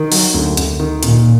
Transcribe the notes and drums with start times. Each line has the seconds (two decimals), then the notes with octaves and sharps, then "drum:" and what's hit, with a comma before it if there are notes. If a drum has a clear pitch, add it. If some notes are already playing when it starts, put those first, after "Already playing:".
Already playing: D#3
0.12 F#3, drum: open hi-hat
0.34 D2
0.57 D2, drum: hi-hat
0.80 D#3
1.03 A#2 D#3, drum: hi-hat